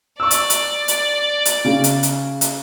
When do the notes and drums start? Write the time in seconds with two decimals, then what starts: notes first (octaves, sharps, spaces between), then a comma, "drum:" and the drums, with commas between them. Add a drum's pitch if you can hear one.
0.20 D5 C#6 E6
0.31 drum: hi-hat
0.50 drum: hi-hat
0.88 drum: hi-hat
1.45 drum: hi-hat
1.65 C#3
1.84 drum: hi-hat
2.03 drum: hi-hat
2.41 drum: hi-hat